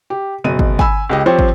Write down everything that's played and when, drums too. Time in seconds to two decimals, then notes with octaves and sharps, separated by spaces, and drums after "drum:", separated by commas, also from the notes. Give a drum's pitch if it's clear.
0.10 G4
0.44 F#1 B2 D#7
0.59 drum: kick
0.79 G#5 B5 E6, drum: kick
1.10 C#2 G4 D#5
1.26 F3 C4 G4 C5 C#5
1.39 drum: kick